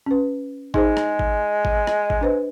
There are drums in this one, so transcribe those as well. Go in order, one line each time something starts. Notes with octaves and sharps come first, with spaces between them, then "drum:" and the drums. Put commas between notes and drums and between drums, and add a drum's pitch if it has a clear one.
C#4 B4
G#3 D#4 G#4 C5, drum: kick G#1
drum: rim click
drum: kick G#1
drum: kick G#1
drum: rim click
drum: kick G#1
D4 B4 C5